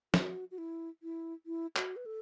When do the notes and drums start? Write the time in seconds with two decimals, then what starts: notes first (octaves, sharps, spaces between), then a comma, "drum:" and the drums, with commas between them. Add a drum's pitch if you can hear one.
0.14 F#4, drum: snare
0.51 F#4
0.58 E4
1.03 E4
1.46 E4
1.76 F#4, drum: clap
1.96 B4
2.06 A4